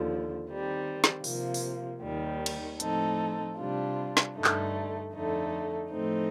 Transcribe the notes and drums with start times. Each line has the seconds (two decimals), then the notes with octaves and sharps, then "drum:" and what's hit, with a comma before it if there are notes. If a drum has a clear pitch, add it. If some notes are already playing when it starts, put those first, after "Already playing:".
Already playing: D#2 D3 F3
0.47 D#3 G3 C4
1.04 drum: snare
1.24 C3 F3 A#3, drum: open hi-hat
1.54 drum: open hi-hat
2.02 D#2 D#3 G3
2.46 drum: cymbal
2.80 A2 F3 C4 D#4 A4, drum: hi-hat
3.58 C3 G3 D4 F4
4.17 drum: snare
4.35 G2 D3 A3 D#4
4.44 drum: clap
5.13 F2 D3 A3 D#4
5.90 A2 F3 A3 C4 D#4